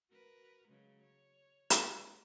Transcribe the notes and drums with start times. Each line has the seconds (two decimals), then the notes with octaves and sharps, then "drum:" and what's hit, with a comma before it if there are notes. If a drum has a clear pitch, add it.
0.11 F#4 A#4 B4
0.68 C#3 F#3 G#3
1.02 C#5
1.70 drum: hi-hat
1.81 G#3